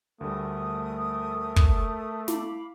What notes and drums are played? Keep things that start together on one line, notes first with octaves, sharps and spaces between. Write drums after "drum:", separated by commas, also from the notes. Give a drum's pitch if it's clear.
D2 D3 G3 A3 A#4 D#6
drum: kick
E4 F5 B5 D6, drum: snare